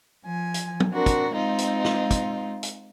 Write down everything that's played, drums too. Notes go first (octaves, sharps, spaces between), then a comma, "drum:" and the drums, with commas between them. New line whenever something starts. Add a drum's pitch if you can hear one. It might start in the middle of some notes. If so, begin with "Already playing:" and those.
F3 G#5
drum: hi-hat
drum: tom
C4 D4 F#4 A#4
drum: kick, hi-hat
G#3 C4 D#4 F4
drum: hi-hat
drum: snare
drum: kick, hi-hat
drum: hi-hat